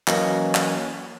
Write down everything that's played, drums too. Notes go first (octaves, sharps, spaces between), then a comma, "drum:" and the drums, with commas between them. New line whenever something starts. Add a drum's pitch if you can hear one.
E3 F#3 A#3 C#4 D#5, drum: clap
drum: clap